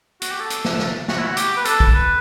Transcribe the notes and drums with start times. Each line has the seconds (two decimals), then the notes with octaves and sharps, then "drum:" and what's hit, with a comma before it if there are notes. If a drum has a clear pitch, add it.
0.22 F#4, drum: hi-hat
0.31 G4
0.40 A4
0.50 drum: hi-hat
0.65 drum: snare
0.79 drum: snare
1.08 F#4, drum: snare
1.18 E4
1.27 F#4
1.37 G4, drum: hi-hat
1.57 B4
1.65 A4, drum: hi-hat
1.80 drum: kick
1.94 B4